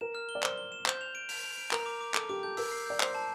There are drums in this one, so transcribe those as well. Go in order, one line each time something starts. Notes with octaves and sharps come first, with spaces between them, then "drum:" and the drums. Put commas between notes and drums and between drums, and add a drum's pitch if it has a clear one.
A#4 E7
F6
G7
D5
C5 G7, drum: clap
G7
E7
C5 G6, drum: clap
F7
D7
F7, drum: open hi-hat
F7
D7
A#4 A#5, drum: clap
D6
D6
A4 D6, drum: clap
G4 D6
A4 G6
A#4 E6, drum: open hi-hat
C7
D5 G6
C5 C7, drum: clap
A5